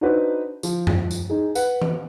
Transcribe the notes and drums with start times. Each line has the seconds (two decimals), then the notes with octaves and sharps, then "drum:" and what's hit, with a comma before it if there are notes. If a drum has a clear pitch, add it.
0.01 D4 D#4 F#4 B4 C5
0.63 F3, drum: tambourine
0.87 drum: tom F#2
1.11 drum: tambourine
1.30 D#4 G#4
1.55 B4 F#5, drum: tambourine
1.82 drum: tom E3